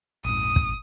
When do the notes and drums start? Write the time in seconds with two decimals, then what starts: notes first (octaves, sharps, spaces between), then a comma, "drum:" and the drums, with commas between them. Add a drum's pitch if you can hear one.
0.25 A#1 F2 G#2 D#6
0.56 drum: kick